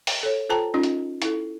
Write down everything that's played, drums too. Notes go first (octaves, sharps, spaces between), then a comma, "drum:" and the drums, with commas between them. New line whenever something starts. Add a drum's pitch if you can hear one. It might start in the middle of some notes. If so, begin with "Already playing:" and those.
drum: open hi-hat
A4 C#5
F4 A4 C5 G5 A5 A#5
C#4 D#4 F4 D#5
drum: hi-hat
E4 A4, drum: hi-hat